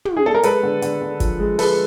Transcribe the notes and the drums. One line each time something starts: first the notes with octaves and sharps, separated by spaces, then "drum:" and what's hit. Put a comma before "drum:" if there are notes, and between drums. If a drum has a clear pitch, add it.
drum: tom
G#4
A4
A#4
G#3 A4 B4, drum: hi-hat
D3
D3, drum: hi-hat
D3
F3, drum: kick G1, hi-hat
G#3
G#3 A4 B4, drum: open hi-hat